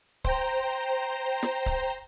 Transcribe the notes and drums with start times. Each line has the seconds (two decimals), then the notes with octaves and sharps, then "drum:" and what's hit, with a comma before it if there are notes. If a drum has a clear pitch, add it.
0.24 C5 G5 A#5, drum: kick C#1
1.43 drum: snare
1.66 drum: kick C#1